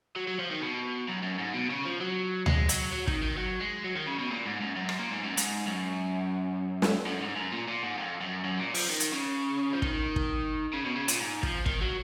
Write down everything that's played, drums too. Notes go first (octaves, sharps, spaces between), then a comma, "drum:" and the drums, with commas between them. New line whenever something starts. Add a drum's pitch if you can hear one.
F#3
F#3
F3
D#3
B2
F#2
F#2
G#2
B2
C#3
F3
F#3
G#3, drum: tom D2
F#3, drum: hi-hat
F#3
D#3, drum: kick
D#3
F#3
G#3
F#3
D#3
C#3
B2
A#2
G#2
F#2
F#2
drum: rim click
A#2
G#2
F#2
G#2, drum: hi-hat
F#2
drum: snare
F#2
G#2
F#2
A#2
A#2
G#2
F2
F#2
F#2
A#2
F3, drum: open hi-hat
D#3
drum: hi-hat
C#3
F3
D#3, drum: kick
drum: kick
C#3
B2
C#3
A#2, drum: hi-hat
G#2
F3, drum: kick
D#3, drum: kick
F#3